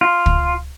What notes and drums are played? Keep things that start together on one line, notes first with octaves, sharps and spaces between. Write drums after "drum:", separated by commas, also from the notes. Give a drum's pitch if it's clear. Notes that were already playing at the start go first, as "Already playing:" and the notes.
F4
drum: kick